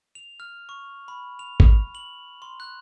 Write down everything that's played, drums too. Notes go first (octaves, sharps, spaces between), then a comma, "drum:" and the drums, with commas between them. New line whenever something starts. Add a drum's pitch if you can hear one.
F7
F6
C#6
B5
F7
drum: kick G#1
F#7
C6
F#6